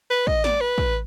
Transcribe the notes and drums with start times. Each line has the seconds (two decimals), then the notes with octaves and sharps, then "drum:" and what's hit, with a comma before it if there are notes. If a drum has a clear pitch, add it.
0.10 B4
0.27 D#5, drum: kick
0.44 D5, drum: snare
0.61 B4
0.78 drum: kick